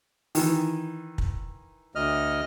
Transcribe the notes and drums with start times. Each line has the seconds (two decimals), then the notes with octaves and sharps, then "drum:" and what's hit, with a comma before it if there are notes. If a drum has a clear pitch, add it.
0.35 D#3 E3, drum: open hi-hat
1.18 drum: kick
1.95 D2 D#5 F6